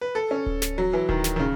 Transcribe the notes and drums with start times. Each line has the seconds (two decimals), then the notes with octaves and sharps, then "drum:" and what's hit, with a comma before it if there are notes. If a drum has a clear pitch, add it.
0.01 B4
0.15 A4
0.31 C#4
0.46 drum: kick D1
0.62 drum: snare
0.78 F#3
0.93 E3
1.09 D#3, drum: kick D1
1.24 drum: snare
1.36 D#3
1.40 C#3